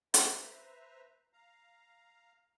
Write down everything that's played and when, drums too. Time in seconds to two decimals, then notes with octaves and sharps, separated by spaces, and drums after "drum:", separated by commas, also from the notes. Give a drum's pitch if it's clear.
0.14 B4 C5 E5 A#5, drum: hi-hat
1.33 F5 A#5